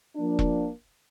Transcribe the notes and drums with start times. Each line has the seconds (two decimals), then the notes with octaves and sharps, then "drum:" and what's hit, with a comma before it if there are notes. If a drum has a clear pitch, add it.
0.16 F3 A#3 D4
0.39 drum: kick E1